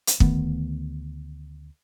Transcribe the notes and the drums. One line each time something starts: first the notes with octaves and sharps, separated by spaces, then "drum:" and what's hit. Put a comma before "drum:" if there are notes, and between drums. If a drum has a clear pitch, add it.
drum: hi-hat
D2 D#3 A3 B3, drum: kick